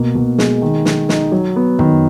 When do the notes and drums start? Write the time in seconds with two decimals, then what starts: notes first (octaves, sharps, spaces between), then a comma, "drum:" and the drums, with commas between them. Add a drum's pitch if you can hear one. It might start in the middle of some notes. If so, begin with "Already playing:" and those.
Already playing: B2 A#3
0.15 B2
0.38 G#3, drum: snare
0.62 D#3
0.85 G#3, drum: snare
1.09 D#4, drum: snare
1.32 F#3
1.56 B3
1.79 D#3, drum: tom